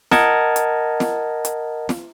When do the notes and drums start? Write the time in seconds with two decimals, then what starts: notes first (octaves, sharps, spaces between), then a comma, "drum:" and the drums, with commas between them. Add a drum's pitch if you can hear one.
0.11 A#4 D#5 F#5 A5 G#6 A6, drum: snare
0.56 drum: hi-hat
1.00 drum: snare
1.45 drum: hi-hat
1.89 drum: snare